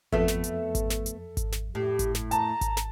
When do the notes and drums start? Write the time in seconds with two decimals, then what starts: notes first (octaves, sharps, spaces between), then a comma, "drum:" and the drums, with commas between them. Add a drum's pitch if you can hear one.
0.12 F2 A3 B3 A4 E5, drum: kick G#1
0.28 drum: snare
0.44 drum: hi-hat
0.75 drum: kick G#1, hi-hat
0.90 drum: snare
1.06 drum: hi-hat
1.37 drum: kick G#1, hi-hat
1.52 drum: snare
1.75 A2 G4
1.99 drum: kick G#1, hi-hat
2.15 drum: snare
2.31 A5 A#5, drum: hi-hat
2.61 drum: kick G#1, hi-hat
2.77 drum: snare